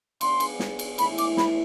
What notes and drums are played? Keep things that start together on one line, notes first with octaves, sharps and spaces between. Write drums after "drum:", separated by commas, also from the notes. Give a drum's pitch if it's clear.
F3 B3 D4 G#4 C6, drum: cymbal
drum: cymbal
drum: snare
drum: cymbal
A2 E3 G#3 B5, drum: cymbal
D6, drum: cymbal
B5, drum: snare